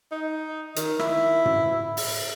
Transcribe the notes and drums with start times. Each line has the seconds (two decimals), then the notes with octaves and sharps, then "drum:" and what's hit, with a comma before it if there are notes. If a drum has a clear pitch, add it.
0.12 D#4
0.76 D#3, drum: hi-hat
0.99 E4, drum: rim click
1.45 drum: tom
1.97 drum: open hi-hat